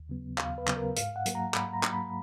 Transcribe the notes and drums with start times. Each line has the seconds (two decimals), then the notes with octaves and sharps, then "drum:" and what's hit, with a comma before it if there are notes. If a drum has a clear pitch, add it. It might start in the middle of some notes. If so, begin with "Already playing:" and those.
Already playing: D#2
0.09 C#3 F#3 B3
0.38 D#2 F5, drum: clap
0.58 B4
0.67 C#3 F#3 B3, drum: clap
0.77 A#4
0.96 G#2 F5, drum: hi-hat
1.16 F#5
1.26 F#3 A#3, drum: hi-hat
1.35 A#5
1.54 G#2 B5, drum: clap
1.73 A#5
1.83 F#3 A#3, drum: clap
1.93 B5